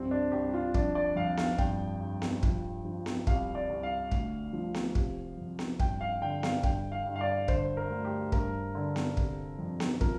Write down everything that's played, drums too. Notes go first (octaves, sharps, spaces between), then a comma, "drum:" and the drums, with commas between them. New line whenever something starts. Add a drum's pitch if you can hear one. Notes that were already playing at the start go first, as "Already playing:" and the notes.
Already playing: C2 G2 F3 C4
D4
C2 G4
F4
F2 D4, drum: kick
D5
F2 F5
F5, drum: snare B3
G2 G5, drum: kick
G2
drum: snare B3
F3, drum: kick
F3
drum: snare B3
C2 F5, drum: kick
D5
C2
F5
D2, drum: kick
F3
drum: snare B3
C3, drum: kick
F2
drum: snare B3
G2 G5, drum: kick
F5
D3 G5
F5, drum: snare B3
G2 G5, drum: kick
F5
G2
F5
D5
D3 C5, drum: kick
A#4
D2
G4
G2 A#4, drum: kick
D3
drum: snare B3
C3, drum: kick
F2
drum: snare B3
F3 A#4, drum: kick